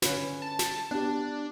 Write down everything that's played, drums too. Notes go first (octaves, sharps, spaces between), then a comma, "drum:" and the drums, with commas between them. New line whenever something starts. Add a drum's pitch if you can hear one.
D3 C#4 B4, drum: snare
A5
drum: snare
B3 D4 G4